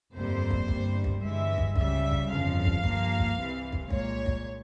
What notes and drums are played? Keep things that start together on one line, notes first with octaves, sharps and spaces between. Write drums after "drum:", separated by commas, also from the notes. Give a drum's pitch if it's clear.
G1 F2 C3 G3 A#3 C5
drum: kick
G1 G2 G3 A#3, drum: kick
drum: kick
G1 G2 E3 G#3 E5
drum: kick
C#2 C#3 G3 E5, drum: kick
drum: kick
G1 F2 C#3 F3 F5
drum: kick
G2 F3 A#3, drum: kick
drum: kick
C2 C3 E3
drum: kick
C2 A#2 G#3 C#5, drum: kick
drum: kick